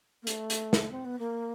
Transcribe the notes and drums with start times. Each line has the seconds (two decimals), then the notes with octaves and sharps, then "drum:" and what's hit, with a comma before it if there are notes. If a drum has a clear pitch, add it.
0.22 A#3
0.27 A3, drum: hi-hat
0.50 drum: hi-hat
0.73 drum: snare
0.91 C4
1.05 B3
1.19 A#3